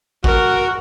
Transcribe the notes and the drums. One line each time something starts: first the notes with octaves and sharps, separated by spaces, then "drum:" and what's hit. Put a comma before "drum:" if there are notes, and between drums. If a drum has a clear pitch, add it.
F#4 A#4 F#5, drum: kick